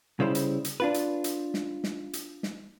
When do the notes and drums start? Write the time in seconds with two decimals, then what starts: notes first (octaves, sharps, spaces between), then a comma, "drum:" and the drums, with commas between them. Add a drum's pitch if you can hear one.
0.20 C#3 G3 E4 C5
0.35 drum: hi-hat
0.65 drum: hi-hat
0.80 D4 F4 B4
0.94 drum: hi-hat
1.24 drum: hi-hat
1.54 drum: snare
1.84 drum: snare
2.13 drum: hi-hat
2.43 drum: snare